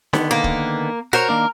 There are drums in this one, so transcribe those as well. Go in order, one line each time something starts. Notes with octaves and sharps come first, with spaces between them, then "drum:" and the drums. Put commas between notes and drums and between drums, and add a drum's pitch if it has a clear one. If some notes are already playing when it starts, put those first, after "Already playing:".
D3 D#3 B3, drum: snare D#4
A#3
drum: kick
F#4 A#4 C5 C#5
D#3 A#3 D4